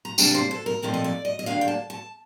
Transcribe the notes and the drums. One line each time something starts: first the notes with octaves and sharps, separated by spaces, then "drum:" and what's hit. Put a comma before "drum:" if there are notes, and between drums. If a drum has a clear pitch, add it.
A#5
C3 G3 A#3 D4 A5, drum: tambourine
A#4
C5
A4
A#4
A#2 F3 A3 C4 D#4 C5
D#5
D5
D#5
D#5
D3 G3 A#3 D4 F5
G5
A5
A5